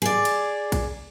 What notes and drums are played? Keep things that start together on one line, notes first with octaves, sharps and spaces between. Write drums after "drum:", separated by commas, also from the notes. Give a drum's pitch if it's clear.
G#4 D5
drum: cymbal
drum: kick, cymbal